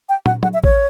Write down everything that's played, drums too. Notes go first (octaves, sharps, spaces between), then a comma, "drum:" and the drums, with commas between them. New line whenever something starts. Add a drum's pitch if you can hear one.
G5
F#5, drum: tom
F#5, drum: tom F#3
E5
C#5, drum: kick